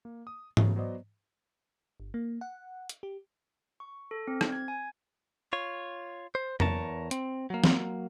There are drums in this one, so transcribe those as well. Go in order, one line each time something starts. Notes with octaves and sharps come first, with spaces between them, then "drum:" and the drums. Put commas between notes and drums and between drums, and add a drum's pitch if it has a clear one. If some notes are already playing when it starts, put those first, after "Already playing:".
A#3
D#6
C#3 F#3 A3 B3, drum: tom G#2
F#3 B3 C5 D5 D#5
G1
A#3
F#5
drum: hi-hat
G4
C#6
A4
C4
drum: rim click
G#6
G#5
F4 C#5
C5
E2 A#4 C#5 A5, drum: tom F2
C4, drum: hi-hat
F#3 A#3
drum: snare